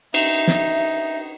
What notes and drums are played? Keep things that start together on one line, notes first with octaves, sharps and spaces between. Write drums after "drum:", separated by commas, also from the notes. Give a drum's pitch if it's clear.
D#4 E5, drum: cymbal
drum: snare